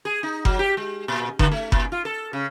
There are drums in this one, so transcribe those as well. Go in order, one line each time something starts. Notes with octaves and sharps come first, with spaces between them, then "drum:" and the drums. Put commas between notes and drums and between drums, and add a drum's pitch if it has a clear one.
G#4
D#4
F#3, drum: kick F#1
G4
G#3
A#2
D3, drum: kick F#1
A3
A#2, drum: kick F#1
F4
A4
C#3